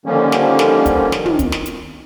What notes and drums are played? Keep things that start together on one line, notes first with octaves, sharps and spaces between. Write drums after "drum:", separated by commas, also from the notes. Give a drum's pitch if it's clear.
D3 D#3 F3 G3 A#3 C#4
drum: snare
drum: snare
drum: kick, hi-hat
D#3, drum: snare
drum: tom
drum: kick, hi-hat
drum: snare
drum: hi-hat